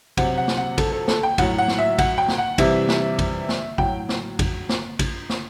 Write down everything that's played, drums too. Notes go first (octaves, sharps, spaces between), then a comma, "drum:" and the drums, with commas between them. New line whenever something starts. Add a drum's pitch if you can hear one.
C3 F#3 F#5, drum: kick A1, cymbal
F#5
drum: snare
F#5
A4, drum: kick A1, cymbal
A4
A4, drum: snare
G5
A2 F#3 F#5, drum: kick A1, cymbal
F#5
drum: snare
E5
F#5, drum: kick A1, cymbal
G5
drum: snare
F#5
C3 E3 G3 E5, drum: kick A1, cymbal
drum: snare
drum: kick A1, cymbal
drum: snare
A2 F#3 G5, drum: kick A1
drum: snare
drum: kick A1, cymbal
drum: snare
drum: kick A1, cymbal
drum: snare